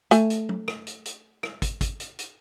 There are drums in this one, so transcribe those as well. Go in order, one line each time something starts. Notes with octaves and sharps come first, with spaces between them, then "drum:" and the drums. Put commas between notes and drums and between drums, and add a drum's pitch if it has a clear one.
A3 G#5, drum: hi-hat
drum: hi-hat
drum: tom
drum: rim click
drum: hi-hat
drum: hi-hat
drum: rim click
drum: kick, hi-hat
drum: kick, hi-hat
drum: hi-hat
drum: hi-hat